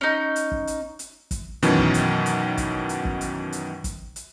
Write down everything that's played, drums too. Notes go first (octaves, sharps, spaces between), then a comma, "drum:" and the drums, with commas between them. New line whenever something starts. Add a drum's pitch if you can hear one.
C#4 D#4
drum: hi-hat
drum: kick
drum: hi-hat
drum: hi-hat
drum: kick, hi-hat
F#2 B2 D#3 E3 F#3 C#4, drum: hi-hat
drum: kick
drum: hi-hat
drum: hi-hat
drum: kick, hi-hat
drum: hi-hat
drum: kick
drum: hi-hat
drum: hi-hat
drum: kick, hi-hat
drum: hi-hat